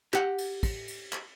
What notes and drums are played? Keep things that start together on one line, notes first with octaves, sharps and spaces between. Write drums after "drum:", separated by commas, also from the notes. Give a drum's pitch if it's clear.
G4 F#5, drum: clap
drum: cymbal
drum: kick, cymbal
drum: cymbal
drum: clap